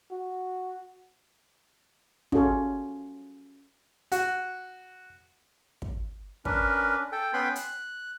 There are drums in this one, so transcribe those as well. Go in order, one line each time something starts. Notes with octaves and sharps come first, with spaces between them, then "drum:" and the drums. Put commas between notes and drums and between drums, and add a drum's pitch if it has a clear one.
F#4
C#4 F4 F#4 G#4 A4, drum: kick
F#4, drum: hi-hat
drum: kick
C#4 D4 A#4 B4, drum: kick
A4 G5
B3 C#4 B4 G5 B5 C6
F#6, drum: hi-hat